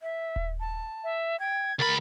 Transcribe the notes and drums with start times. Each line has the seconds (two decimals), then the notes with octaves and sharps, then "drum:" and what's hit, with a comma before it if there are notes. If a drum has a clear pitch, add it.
0.01 E5
0.36 drum: kick D#1
0.60 A5
1.04 E5
1.40 G5 G#6
1.79 C#2 A#4 B5 A6